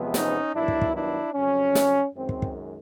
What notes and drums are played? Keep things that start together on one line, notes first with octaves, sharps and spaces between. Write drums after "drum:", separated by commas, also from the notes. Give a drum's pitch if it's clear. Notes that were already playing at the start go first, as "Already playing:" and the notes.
Already playing: E2 C3 F3 G#3 B3
C#4 D#4, drum: snare
G2 D#3 F#3 B3 D4 E4
drum: kick
drum: kick
D4 E4
F2 C#3 F#3 C#4
drum: snare
F#2 D#3 G#3 C4
drum: kick
drum: kick